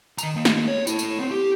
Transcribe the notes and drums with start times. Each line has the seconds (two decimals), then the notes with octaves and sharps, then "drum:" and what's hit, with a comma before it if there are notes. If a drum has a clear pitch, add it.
0.18 D#3 A#5, drum: tambourine
0.35 D#3 A#3
0.45 drum: snare
0.68 C#5
0.87 E4 A4, drum: tambourine
0.99 drum: tambourine
1.19 B3 C4
1.31 G4